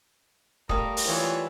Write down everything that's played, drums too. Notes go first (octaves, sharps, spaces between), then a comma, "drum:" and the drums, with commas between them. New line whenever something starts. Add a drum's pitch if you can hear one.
G3 A3 A#4 F5 D#6, drum: kick
drum: open hi-hat
E3 F4 C#5